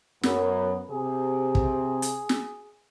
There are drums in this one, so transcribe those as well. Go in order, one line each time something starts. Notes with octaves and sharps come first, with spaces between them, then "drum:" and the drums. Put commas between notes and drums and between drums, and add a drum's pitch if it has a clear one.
F#2 B3, drum: snare
C3 G#4
drum: kick
drum: hi-hat
drum: snare